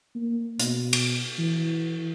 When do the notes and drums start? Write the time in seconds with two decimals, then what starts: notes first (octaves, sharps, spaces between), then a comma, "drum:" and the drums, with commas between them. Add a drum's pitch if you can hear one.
0.15 A#3
0.60 B2, drum: hi-hat
0.93 drum: cymbal
1.39 E3